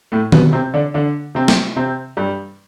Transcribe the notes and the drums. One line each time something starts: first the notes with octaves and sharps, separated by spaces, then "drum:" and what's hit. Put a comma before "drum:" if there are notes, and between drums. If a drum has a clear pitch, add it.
A2 A3
B2 B3, drum: tom D#3
C3 C4
D3 D4
D3 D4
C3 C4
drum: snare
C3 C4
G2 G3